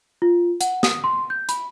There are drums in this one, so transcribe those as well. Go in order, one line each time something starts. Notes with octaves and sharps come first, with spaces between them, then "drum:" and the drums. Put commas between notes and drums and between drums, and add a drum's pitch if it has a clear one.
F4
F#5, drum: hi-hat
D#6, drum: snare
C6
G6
B5, drum: hi-hat